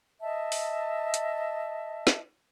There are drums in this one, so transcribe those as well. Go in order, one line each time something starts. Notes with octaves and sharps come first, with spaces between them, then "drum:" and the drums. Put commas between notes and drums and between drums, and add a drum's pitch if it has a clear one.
D#5 E5 A5
drum: open hi-hat
drum: hi-hat
drum: snare